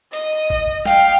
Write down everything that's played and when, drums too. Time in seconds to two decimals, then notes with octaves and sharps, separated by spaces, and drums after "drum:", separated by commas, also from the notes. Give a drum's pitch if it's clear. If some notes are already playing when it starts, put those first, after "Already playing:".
0.13 D#5, drum: hi-hat
0.50 drum: kick G#1
0.85 F5 G5, drum: snare